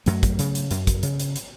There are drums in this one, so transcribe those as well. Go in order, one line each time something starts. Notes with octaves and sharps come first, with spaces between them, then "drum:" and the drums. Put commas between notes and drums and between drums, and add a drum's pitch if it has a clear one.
F#2 F#3 A3, drum: hi-hat
drum: kick, hi-hat
C#3, drum: hi-hat
drum: hi-hat
F#2, drum: hi-hat
drum: kick, hi-hat
C#3, drum: hi-hat
drum: hi-hat
drum: hi-hat